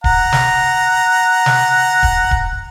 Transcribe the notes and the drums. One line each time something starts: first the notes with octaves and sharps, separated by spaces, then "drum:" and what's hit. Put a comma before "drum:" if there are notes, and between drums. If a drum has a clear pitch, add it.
F#5 A#5, drum: kick D1
drum: snare
drum: snare
drum: kick D1
drum: kick D1